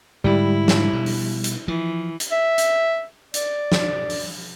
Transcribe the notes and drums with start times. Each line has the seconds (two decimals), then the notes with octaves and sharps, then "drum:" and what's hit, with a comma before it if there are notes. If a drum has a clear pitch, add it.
0.24 G#2 D3 G3 G#3 E4
0.68 drum: snare
0.93 B2
1.06 drum: open hi-hat
1.44 drum: hi-hat
1.68 E3 F3
2.20 drum: hi-hat
2.31 E5
2.58 drum: hi-hat
3.34 D5, drum: hi-hat
3.72 drum: snare
4.10 drum: open hi-hat